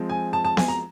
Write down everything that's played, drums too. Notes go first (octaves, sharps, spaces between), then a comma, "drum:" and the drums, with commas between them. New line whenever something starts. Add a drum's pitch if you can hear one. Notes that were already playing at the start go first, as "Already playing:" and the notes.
Already playing: F3 G#3 C4
G#5
A5
A5
G#5, drum: snare B3
A#5